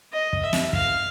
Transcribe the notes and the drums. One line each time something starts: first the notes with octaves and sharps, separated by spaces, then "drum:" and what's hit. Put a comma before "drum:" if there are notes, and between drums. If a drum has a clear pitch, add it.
D#5
drum: kick
E5
drum: snare
F5, drum: kick